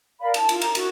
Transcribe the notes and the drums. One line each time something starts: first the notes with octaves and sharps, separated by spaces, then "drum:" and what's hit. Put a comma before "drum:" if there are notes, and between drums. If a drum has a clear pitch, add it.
A#4 D5 F5 B5
A5, drum: cymbal
F4, drum: cymbal
A#5, drum: cymbal
F#4, drum: cymbal